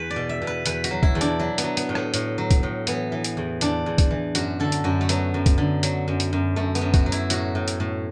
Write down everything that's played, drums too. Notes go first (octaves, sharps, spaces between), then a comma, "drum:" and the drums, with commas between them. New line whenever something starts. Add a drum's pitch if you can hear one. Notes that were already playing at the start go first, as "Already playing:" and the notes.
Already playing: E2 B4
D5
B2
E5
B2
B4
E2 B4, drum: hi-hat
F#4, drum: hi-hat
F#3
E4, drum: kick
E2
D4, drum: hi-hat
F#3 E4
B3, drum: hi-hat
F#3
B3, drum: hi-hat
A2
B3, drum: rim click
A2, drum: hi-hat
F#3
drum: kick, hi-hat
A2
E3 B3, drum: hi-hat
E3
drum: hi-hat
E2
E2 D4, drum: hi-hat
E2
drum: kick, hi-hat
E3
F#2 F#4, drum: hi-hat
D3 A4
drum: hi-hat
F#2 F#4
A3
F#3 B3, drum: hi-hat
F#2
drum: kick, hi-hat
D3
F#3, drum: hi-hat
F#2
drum: hi-hat
F#2
F#2 A3
B3, drum: hi-hat
F#2
F#4, drum: kick, hi-hat
F#3
E4, drum: hi-hat
A2 F#4, drum: hi-hat
A2
drum: hi-hat
A2